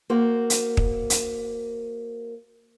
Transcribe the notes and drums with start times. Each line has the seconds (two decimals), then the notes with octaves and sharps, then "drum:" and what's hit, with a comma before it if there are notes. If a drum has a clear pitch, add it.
0.10 A#3 F#4 C5
0.50 drum: hi-hat
0.77 drum: kick
1.10 drum: hi-hat